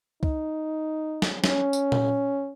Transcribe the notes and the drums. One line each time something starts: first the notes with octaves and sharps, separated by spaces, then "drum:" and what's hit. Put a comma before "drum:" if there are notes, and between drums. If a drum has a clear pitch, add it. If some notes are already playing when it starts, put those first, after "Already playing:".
D#4, drum: kick
drum: snare
C#4, drum: snare
drum: tambourine
drum: tom A#2